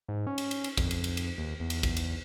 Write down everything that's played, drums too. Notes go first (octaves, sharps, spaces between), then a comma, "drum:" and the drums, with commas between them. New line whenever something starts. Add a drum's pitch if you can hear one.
G#2
C#4
drum: cymbal
drum: cymbal
drum: cymbal
F2, drum: kick, cymbal
drum: cymbal
drum: cymbal
drum: cymbal
D#2
E2
drum: cymbal
drum: kick, cymbal
drum: cymbal